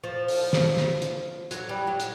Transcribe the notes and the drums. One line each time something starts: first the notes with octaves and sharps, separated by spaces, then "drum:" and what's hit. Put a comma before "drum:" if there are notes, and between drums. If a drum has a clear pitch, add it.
F3
drum: open hi-hat
drum: snare
drum: snare
drum: hi-hat
F#3, drum: hi-hat
G3
F#3
drum: hi-hat